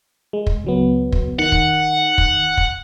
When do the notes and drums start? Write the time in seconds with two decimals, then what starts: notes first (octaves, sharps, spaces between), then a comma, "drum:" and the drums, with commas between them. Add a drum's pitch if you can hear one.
0.33 G#3
0.47 drum: kick
0.65 C#2 F#3 B3
1.12 drum: kick
1.39 D#3 F#5
1.52 drum: kick
2.18 drum: kick
2.57 drum: kick